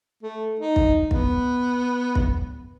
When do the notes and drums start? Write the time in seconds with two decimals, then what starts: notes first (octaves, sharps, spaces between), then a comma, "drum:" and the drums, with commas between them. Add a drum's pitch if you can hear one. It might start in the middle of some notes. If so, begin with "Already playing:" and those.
0.23 A3
0.60 D#4
0.76 drum: kick
1.11 B3, drum: kick
2.15 drum: kick